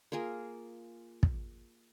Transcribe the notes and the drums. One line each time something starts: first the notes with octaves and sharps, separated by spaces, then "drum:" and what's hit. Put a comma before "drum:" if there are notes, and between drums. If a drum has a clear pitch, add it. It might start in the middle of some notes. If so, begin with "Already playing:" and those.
A#3 F4 G#4 A#4
drum: kick